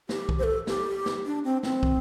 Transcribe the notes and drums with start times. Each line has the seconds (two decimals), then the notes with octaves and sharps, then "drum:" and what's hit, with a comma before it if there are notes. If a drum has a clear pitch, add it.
0.09 G4, drum: snare
0.29 drum: kick
0.39 C5
0.43 A4
0.67 G4, drum: snare
1.06 drum: snare
1.26 D4
1.44 C4
1.63 C4, drum: snare
1.83 drum: kick